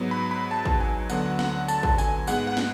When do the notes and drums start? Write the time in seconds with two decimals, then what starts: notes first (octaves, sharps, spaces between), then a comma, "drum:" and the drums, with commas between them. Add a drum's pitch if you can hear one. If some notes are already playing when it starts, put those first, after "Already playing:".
Already playing: G#2 F#3 B3
0.11 B5
0.31 B5
0.51 A5
0.65 drum: kick
0.80 G#5
1.09 D2 D3 F#3 B3 F#5, drum: tambourine
1.39 F#5, drum: snare
1.68 A5, drum: tambourine
1.83 drum: kick
1.98 G#5, drum: tambourine
2.27 G#2 G#3 B3 F#5, drum: tambourine
2.47 F#5
2.57 drum: snare